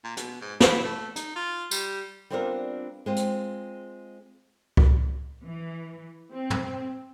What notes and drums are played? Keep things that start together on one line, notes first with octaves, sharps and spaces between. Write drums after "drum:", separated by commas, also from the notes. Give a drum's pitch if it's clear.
A#2
B2, drum: hi-hat
G#2
E4, drum: snare
A3
D#4, drum: hi-hat
F4
G3, drum: tambourine
G3 B3 C4 D4 F4 A#4
G#3 C4 F4
drum: hi-hat
drum: kick C#2
E3
C4
drum: tom